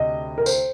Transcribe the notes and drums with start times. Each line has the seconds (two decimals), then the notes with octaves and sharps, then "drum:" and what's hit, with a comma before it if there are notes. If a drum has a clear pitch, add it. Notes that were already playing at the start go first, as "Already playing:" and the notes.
Already playing: D2 C3 D#5
0.38 A#4
0.46 C5, drum: tambourine